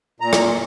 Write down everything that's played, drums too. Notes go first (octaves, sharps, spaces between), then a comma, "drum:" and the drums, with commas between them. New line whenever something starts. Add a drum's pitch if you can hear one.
A#2 A#5
drum: rim click